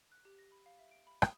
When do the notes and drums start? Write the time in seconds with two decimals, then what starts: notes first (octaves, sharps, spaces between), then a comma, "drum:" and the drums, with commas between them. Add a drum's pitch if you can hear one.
0.12 F#6
0.25 G4
0.38 A#6
0.52 B5
0.66 F5
0.79 E5
0.91 D7
1.07 B5
1.22 D#6, drum: rim click